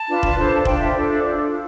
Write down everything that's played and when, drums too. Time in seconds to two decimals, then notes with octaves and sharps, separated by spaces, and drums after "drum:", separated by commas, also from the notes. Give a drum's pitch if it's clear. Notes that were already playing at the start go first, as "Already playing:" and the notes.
Already playing: A5
0.09 D4 F4 B4
0.23 drum: kick F1
0.38 D4 A4 C5
0.65 D4 F4 C5 G5, drum: kick F1
0.80 E5
0.94 D4 A4 C5
1.23 D4 F4 A4 C5
1.51 F4